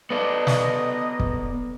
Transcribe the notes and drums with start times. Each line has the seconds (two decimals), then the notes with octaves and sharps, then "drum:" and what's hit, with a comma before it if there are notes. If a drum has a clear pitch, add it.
0.10 B3 A4 B4 D5 D#5
0.47 drum: snare
1.20 drum: kick